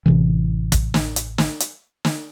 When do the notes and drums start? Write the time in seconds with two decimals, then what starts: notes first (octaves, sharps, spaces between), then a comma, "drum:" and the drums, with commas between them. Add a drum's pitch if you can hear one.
0.06 A1 C3 D#3 E3
0.72 drum: kick, hi-hat
0.94 drum: snare
1.16 drum: hi-hat
1.38 drum: snare
1.60 drum: hi-hat
2.05 drum: snare